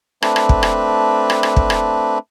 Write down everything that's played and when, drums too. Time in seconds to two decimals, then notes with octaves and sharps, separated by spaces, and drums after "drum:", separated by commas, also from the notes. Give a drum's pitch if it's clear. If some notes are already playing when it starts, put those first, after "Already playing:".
0.22 A3 C4 D4 B4, drum: rim click
0.36 drum: rim click
0.49 drum: kick
0.63 drum: rim click
1.30 drum: rim click
1.43 drum: rim click
1.56 drum: kick
1.70 drum: rim click